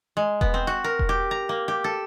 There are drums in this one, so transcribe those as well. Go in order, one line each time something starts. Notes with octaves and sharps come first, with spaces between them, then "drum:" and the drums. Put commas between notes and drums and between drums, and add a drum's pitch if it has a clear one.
G#3
B3, drum: kick E1
C4
F#4
A#4
drum: kick E1
G4
A#5
A#3
G4
A4